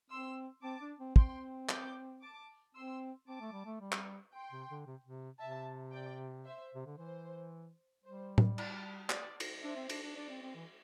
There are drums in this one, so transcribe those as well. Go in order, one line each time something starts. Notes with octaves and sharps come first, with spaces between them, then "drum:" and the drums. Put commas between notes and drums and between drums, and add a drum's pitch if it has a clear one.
C4 C6 E6
C4 A5 D6
D4
C4
C4 G5 C6, drum: kick
D6 G6, drum: clap
A5 D6
C4 C6 E6
C4 A5 D6
A3
G3
A3
G3
drum: clap
G5 C6
C3
D3
C3
C3
C3 E5 A5
D5 G5
C5 E5
C3
D3
E3 C5
G3 C5
drum: tom A2
D5, drum: cymbal
D5, drum: clap
drum: cymbal
D4 C5 E5
C4
D4, drum: cymbal
D4
D4 D5
C4
C4
E3